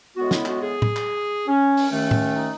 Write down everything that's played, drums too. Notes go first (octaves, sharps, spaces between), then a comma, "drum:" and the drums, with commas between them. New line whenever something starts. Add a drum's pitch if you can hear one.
A2 G#3 B3 F#4
E4, drum: snare
F#4, drum: clap
G#4
drum: tom
drum: clap
C#4
drum: open hi-hat
D#2 D#3 A3 C#4
drum: tom
D#4